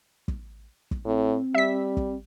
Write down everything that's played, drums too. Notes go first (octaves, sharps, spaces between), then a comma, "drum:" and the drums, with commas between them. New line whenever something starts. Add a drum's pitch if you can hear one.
drum: kick
drum: kick
A2 C4
G3 E5 B6
drum: kick